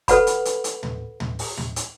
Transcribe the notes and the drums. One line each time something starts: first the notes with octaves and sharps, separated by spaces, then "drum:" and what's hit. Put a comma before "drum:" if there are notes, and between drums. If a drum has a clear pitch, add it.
A4 B4 F#5 B5, drum: kick, hi-hat
drum: hi-hat
drum: hi-hat
drum: hi-hat
drum: tom
drum: tom
drum: open hi-hat
drum: tom
drum: hi-hat